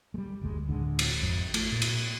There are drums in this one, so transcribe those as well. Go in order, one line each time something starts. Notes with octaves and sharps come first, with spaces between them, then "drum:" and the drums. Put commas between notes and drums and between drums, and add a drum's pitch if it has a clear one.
G3 G#3
F#1 D2 G#3
D1 D3 G3 G#3
drum: cymbal
G#1 F2
A3, drum: cymbal
A#2
drum: cymbal